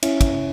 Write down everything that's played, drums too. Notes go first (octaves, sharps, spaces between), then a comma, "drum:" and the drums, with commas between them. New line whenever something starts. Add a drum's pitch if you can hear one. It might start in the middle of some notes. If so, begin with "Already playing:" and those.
C#4 E4, drum: cymbal
drum: kick, cymbal